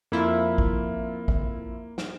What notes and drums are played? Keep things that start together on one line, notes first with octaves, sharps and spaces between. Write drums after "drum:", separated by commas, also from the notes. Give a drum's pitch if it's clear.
F2 A#3 E4 F4
drum: kick A1
drum: kick A1
drum: snare